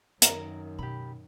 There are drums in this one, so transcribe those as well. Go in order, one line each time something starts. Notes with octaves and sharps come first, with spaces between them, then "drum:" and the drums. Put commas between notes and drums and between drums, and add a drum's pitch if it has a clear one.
F#2 D#3 A#4, drum: hi-hat
B2 G4 B5